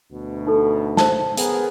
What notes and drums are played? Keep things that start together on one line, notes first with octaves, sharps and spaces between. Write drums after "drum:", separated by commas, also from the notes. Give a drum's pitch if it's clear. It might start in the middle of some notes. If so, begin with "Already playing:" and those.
D2 B2
D#4 A4
C5 A5, drum: snare
B3 G#4 A#4, drum: hi-hat